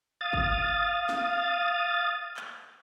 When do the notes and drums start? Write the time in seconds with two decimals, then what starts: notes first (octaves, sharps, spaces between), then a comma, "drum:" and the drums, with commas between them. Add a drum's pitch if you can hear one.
0.21 F5 D#6 A6
0.33 drum: kick
1.09 drum: snare
2.37 drum: clap